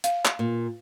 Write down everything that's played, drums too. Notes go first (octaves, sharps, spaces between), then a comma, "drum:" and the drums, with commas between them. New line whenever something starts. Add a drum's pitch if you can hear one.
F5, drum: hi-hat
drum: clap
A#2